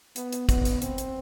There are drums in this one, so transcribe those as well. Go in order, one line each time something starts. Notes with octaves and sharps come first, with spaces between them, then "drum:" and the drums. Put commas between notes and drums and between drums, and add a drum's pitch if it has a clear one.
B3, drum: hi-hat
drum: hi-hat
B3, drum: kick, hi-hat
drum: hi-hat
C4, drum: hi-hat
drum: hi-hat